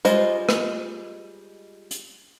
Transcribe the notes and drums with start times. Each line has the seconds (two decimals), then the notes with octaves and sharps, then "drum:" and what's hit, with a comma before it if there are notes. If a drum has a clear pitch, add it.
0.05 G3 G#3 F4 C5 D#5, drum: hi-hat
0.49 drum: rim click
1.91 drum: hi-hat